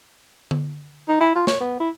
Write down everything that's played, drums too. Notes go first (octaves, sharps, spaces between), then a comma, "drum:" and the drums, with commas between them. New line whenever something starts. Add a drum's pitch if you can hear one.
drum: tom D3
D#4
E4
F4
C#5, drum: snare
B3
E4